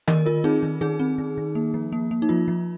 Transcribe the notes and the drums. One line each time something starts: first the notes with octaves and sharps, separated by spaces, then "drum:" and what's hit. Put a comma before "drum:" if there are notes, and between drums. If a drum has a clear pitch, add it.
D#3 A#4 D#5, drum: tom D#3
D#3 F4 A#4
C4 D#4 G#4
D#3
D#3 D#4 G#4
C4
D#3
D#3
A#3
F3
A#3
A#3
D#4
F3 F4
F3